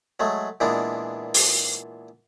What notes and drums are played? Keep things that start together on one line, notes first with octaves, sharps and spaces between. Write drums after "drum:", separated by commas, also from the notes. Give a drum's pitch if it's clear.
F#3 G#3 A3
A#2 E3 G#3 B3 D4
drum: open hi-hat